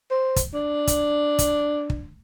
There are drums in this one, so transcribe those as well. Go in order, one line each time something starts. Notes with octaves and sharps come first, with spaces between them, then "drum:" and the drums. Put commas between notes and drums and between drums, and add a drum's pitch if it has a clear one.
C5
drum: kick, hi-hat
D4
drum: kick, hi-hat
drum: kick, hi-hat
drum: kick